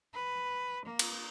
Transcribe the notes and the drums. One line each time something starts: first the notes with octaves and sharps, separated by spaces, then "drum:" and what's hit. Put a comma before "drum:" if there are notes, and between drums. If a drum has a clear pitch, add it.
B4
A#3
drum: cymbal